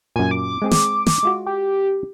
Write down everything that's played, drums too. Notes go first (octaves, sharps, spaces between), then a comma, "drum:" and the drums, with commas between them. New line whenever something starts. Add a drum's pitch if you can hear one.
F#2 A#2 G#5
D6
G#3 C4 G#4
drum: snare
drum: snare
G#3 F4 F#4
G4